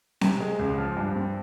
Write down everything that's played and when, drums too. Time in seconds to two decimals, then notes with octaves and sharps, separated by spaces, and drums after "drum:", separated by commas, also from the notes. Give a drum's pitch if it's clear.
0.21 C3, drum: snare C4
0.40 G#3
0.59 C#2
0.78 F3
0.97 G2
1.16 C4